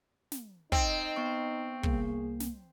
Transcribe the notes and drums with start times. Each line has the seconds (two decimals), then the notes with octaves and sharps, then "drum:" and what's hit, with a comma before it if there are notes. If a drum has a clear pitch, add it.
0.32 drum: snare
0.72 C4 D#4 D#5 G5, drum: kick
1.16 B3 C#6
1.83 C2 A#3 G#4, drum: kick
2.40 drum: snare